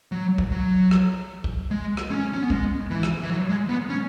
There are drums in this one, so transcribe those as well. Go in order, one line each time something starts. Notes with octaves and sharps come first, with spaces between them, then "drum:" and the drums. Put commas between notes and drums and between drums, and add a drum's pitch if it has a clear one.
F#3
drum: kick
F#3
drum: rim click
drum: kick
G#3
drum: rim click
C#4
C#4
B3
G#3, drum: kick
E3
drum: rim click
E3
F#3
G#3
B3
C#4